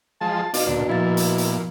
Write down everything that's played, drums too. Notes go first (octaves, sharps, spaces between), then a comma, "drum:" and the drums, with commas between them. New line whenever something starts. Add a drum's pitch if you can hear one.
F3 G#3 A5
B2 D#4 F4 D5, drum: hi-hat
D2 A#2 D4
A#2 F3 E4 A6
drum: hi-hat
drum: hi-hat